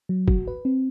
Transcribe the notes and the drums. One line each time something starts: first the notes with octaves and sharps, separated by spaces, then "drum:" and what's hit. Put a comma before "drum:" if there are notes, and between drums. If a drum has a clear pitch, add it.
F#3
F#4, drum: kick
B4
C4